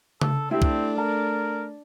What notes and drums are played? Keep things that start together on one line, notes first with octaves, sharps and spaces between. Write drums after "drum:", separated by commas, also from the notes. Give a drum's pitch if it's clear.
A4, drum: tom C#3
A3 C4 D4 E4 G4 D5
drum: kick
A#4 A5